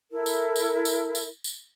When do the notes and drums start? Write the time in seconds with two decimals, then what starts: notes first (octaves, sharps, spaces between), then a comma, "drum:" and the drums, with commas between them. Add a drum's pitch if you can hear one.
0.11 E4 A4 A#4
0.26 drum: tambourine
0.56 drum: tambourine
0.85 drum: tambourine
1.15 drum: tambourine
1.44 drum: tambourine